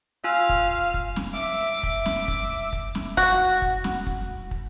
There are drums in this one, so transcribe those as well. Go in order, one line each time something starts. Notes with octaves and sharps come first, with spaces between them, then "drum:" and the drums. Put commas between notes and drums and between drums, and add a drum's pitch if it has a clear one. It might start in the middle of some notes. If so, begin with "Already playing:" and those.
F4 F5 G#5 E6
drum: kick
drum: kick
drum: snare
E5 D6
drum: kick
drum: snare
drum: kick
drum: kick
drum: snare
F#4, drum: kick
drum: kick
drum: snare
drum: kick
drum: kick